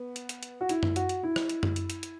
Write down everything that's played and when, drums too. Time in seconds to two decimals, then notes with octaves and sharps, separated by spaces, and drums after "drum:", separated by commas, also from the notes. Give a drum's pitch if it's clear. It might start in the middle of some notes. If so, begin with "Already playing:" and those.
Already playing: B3
0.16 drum: hi-hat
0.29 drum: hi-hat
0.43 drum: hi-hat
0.61 F#4
0.69 E4, drum: hi-hat
0.83 drum: tom F#2
0.96 F#4, drum: hi-hat
1.09 drum: hi-hat
1.23 E4
1.36 drum: rim click
1.49 drum: hi-hat
1.63 drum: tom F#2
1.76 drum: hi-hat
1.90 drum: hi-hat
2.03 drum: hi-hat